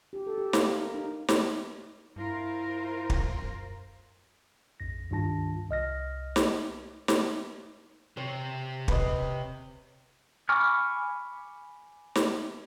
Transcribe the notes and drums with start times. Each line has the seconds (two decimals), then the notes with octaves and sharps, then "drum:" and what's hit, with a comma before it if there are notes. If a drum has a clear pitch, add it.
0.13 G4
0.27 A4
0.38 G4
0.53 F5, drum: snare
0.78 A#4
0.94 D#4
1.28 drum: snare
2.16 G2 E4 F4 A#4 C5
3.10 drum: kick
3.36 F#2
4.80 A#1 F2 A#6
5.10 C#2 G2 D#3 F4 A5 A#6
5.69 C2 D#5 F6 A#6
6.36 drum: snare
7.08 drum: snare
8.17 C3 C#5
8.88 B4 D#5, drum: kick
10.49 G#5 B5 C#6 D6 F6
12.15 drum: snare